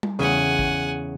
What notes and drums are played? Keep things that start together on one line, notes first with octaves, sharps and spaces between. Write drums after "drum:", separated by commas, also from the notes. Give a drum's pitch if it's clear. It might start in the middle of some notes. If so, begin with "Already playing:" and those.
drum: tom G3
E2 C#3 F#5 G#5
drum: kick G#1